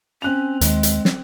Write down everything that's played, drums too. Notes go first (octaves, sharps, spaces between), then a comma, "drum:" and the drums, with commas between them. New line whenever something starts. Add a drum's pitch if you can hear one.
C4 C#4 F#6 F7
D#2 G#3, drum: hi-hat
drum: hi-hat
drum: snare